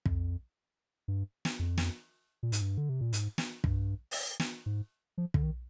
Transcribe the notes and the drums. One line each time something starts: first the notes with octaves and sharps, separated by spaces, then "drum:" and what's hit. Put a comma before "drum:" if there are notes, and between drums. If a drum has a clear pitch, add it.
F2, drum: kick
G2
drum: snare
F2
drum: snare
A#2
G#2, drum: hi-hat
G2
D3
C3
A#2
G#2, drum: hi-hat
drum: snare
G2, drum: kick
drum: open hi-hat
drum: snare
G#2
F3
D3, drum: kick
D#3